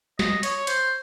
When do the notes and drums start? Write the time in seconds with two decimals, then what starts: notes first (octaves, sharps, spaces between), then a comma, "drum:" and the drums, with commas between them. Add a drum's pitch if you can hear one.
0.19 D#5, drum: snare
0.43 C#5, drum: hi-hat
0.67 C5, drum: hi-hat